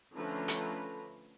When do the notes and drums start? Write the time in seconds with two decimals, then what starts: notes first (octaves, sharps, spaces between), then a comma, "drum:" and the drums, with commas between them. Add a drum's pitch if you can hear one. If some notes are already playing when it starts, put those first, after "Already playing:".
0.15 D3 F3 A3 C#4 B4 A#5
0.48 drum: hi-hat